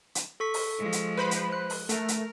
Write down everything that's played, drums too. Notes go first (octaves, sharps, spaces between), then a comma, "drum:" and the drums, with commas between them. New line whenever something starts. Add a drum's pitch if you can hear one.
drum: hi-hat
A4 C#6 B6
drum: open hi-hat
F3 G#3
drum: hi-hat
B4 C5 B5
drum: hi-hat
F#6
drum: open hi-hat
A3 A#4, drum: hi-hat
drum: hi-hat